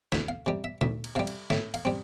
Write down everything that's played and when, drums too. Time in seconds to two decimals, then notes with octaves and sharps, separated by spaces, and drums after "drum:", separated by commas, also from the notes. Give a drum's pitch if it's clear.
0.12 D2 E5, drum: snare
0.29 F5
0.46 C3 G3
0.64 E5
0.81 D2 E5, drum: tom A#2
1.04 drum: cymbal
1.15 C3 G3 F5
1.27 drum: cymbal
1.50 A2 E5, drum: snare
1.74 F5, drum: cymbal
1.85 G3 C4